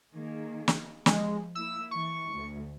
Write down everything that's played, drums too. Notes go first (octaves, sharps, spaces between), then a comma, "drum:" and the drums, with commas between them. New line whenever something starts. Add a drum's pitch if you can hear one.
D#3 A#3 G#4
drum: snare
F3 G#3, drum: snare
A#3 E4 E6
E3 C#6
D2